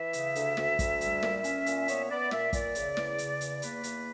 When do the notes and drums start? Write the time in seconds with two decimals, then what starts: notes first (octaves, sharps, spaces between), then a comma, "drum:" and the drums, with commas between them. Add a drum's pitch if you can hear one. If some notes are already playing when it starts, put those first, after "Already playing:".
Already playing: E3 E5
0.13 C#3, drum: hi-hat
0.35 D2, drum: hi-hat
0.57 D2, drum: snare
0.79 D2, drum: kick, hi-hat
1.01 G3, drum: hi-hat
1.23 A#2, drum: snare
1.44 C#4, drum: hi-hat
1.66 A#2, drum: hi-hat
1.88 B3 C#5, drum: hi-hat
2.10 B3 D5
2.31 A#2 E5, drum: snare
2.53 A#2 D5, drum: kick, hi-hat
2.75 C#3, drum: hi-hat
2.97 E2, drum: snare
3.18 C#3, drum: hi-hat
3.41 E2, drum: hi-hat
3.62 A#3 B4, drum: hi-hat
3.84 E2, drum: hi-hat